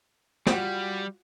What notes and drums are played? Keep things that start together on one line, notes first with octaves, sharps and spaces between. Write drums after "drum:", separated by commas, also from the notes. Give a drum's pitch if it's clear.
G3 F4 F#4 F#5, drum: snare